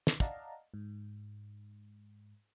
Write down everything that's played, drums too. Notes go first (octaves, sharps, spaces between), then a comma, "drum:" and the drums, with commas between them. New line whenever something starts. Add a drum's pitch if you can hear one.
drum: snare
D5 D#5 F5 F#5 A5 A#5, drum: kick
G#2